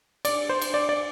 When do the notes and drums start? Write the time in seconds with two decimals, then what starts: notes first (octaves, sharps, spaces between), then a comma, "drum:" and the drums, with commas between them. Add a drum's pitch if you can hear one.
0.25 D5, drum: cymbal
0.49 C5
0.61 drum: cymbal
0.74 D5
0.89 D5